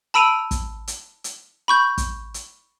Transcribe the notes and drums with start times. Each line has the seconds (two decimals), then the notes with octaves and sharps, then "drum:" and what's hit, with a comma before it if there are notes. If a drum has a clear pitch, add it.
0.14 A5 B5 E6 D7 D#7 F7
0.51 drum: kick, hi-hat
0.88 drum: hi-hat
1.24 drum: hi-hat
1.68 B5 C#6 G6
1.98 drum: kick, hi-hat
2.34 drum: hi-hat